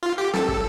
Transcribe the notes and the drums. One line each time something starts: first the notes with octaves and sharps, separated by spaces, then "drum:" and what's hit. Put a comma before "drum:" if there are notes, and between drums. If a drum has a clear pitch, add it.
F4
G4
A4, drum: snare
drum: kick